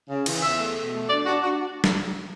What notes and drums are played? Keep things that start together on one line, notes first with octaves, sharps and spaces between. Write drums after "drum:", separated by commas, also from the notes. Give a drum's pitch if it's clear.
C#3
E3, drum: cymbal
E2 E5
A3
B2
A3
D4 D5
D4 F#4
D4 F#4
drum: snare